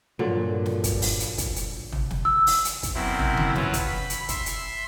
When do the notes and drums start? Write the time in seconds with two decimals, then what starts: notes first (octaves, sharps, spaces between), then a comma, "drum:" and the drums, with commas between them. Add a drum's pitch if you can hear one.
0.19 G2 A#2 D3 F3 F#3
0.66 drum: snare
0.84 drum: kick, hi-hat
1.02 drum: open hi-hat
1.20 drum: hi-hat
1.38 drum: kick, hi-hat
1.56 drum: hi-hat
1.92 drum: tom
2.11 drum: snare
2.25 E6
2.47 drum: open hi-hat
2.65 drum: hi-hat
2.83 drum: kick, hi-hat
2.94 F#2 B2 C4 E4
3.19 drum: tom
3.37 drum: tom C#3
3.55 F#3 C#4 F4 B4, drum: snare
3.73 drum: kick, hi-hat
3.87 B5
4.10 drum: hi-hat
4.28 E5 C6, drum: kick, hi-hat
4.46 drum: hi-hat